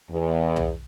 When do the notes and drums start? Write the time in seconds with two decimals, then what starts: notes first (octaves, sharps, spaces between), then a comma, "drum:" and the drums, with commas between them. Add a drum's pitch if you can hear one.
0.11 E2
0.56 drum: tom